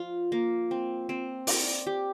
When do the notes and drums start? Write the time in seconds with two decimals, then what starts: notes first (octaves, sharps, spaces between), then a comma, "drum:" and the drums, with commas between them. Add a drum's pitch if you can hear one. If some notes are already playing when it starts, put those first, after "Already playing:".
Already playing: F3 F4
0.32 A#3
0.71 C4
1.09 C4
1.47 D5, drum: open hi-hat
1.87 G4